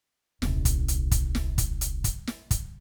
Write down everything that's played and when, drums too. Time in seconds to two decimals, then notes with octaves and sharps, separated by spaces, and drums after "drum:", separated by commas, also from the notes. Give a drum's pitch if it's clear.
0.42 D#1 C2, drum: snare
0.65 drum: kick, hi-hat
0.88 drum: hi-hat
1.11 drum: kick, hi-hat
1.35 drum: snare
1.58 drum: kick, hi-hat
1.81 drum: hi-hat
2.04 drum: kick, hi-hat
2.27 drum: snare
2.51 drum: kick, hi-hat